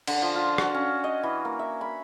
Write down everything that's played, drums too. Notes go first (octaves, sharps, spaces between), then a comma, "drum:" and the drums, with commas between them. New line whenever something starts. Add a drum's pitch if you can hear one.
D3, drum: cymbal
F3
F4
F#4, drum: rim click
C#4
D#5
E3
A#3
E5
B5